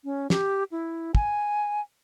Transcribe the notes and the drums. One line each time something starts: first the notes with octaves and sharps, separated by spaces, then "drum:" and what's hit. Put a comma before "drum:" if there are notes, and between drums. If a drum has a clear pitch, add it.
C#4
G4, drum: snare
E4
G#5, drum: kick